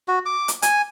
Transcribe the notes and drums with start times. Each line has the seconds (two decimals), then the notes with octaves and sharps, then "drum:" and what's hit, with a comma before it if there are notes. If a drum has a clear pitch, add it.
0.08 F#4
0.26 D6
0.48 drum: hi-hat
0.62 G#5, drum: hi-hat